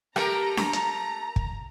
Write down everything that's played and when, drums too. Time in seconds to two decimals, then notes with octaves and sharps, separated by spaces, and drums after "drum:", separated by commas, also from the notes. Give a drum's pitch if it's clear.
0.16 A3 G4 A#4 A#5, drum: rim click
0.57 drum: snare D4
0.73 drum: hi-hat
1.36 drum: kick